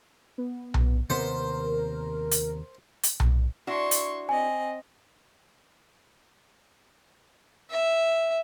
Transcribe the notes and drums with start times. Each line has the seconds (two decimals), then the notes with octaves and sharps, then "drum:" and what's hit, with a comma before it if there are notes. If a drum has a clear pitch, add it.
0.38 B3
0.74 drum: tom B1
1.10 D#2 C3 B3 A#4 C5
2.31 drum: hi-hat
3.03 drum: hi-hat
3.20 drum: tom B1
3.67 D4 E4 F#4 C6 C#6
3.91 drum: hi-hat
4.29 C4 D#5 G#5
7.70 E5